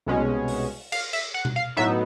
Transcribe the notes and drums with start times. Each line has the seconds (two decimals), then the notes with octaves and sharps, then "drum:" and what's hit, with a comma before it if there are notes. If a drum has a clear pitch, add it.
0.06 C2 B2 G#3 C#4
0.48 drum: open hi-hat
0.92 F5, drum: cymbal
1.13 E5, drum: cymbal
1.34 F#5
1.45 drum: tom B2
1.56 F5
1.77 A2 F#3 B3 D#4 E5